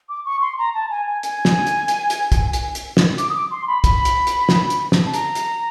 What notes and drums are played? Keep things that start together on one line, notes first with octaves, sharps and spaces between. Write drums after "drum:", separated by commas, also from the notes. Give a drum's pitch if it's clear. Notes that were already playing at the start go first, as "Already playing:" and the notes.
D6
C#6
C6
A#5
A5
G#5
G#5
G#5, drum: hi-hat
drum: snare
drum: hi-hat
drum: hi-hat
drum: hi-hat
drum: kick, hi-hat
drum: hi-hat
drum: hi-hat
drum: snare
D6, drum: hi-hat
D#6
D6
C6
B5
B5, drum: kick, hi-hat
drum: hi-hat
drum: hi-hat
drum: snare
drum: hi-hat
drum: snare
A5
A#5, drum: hi-hat
drum: hi-hat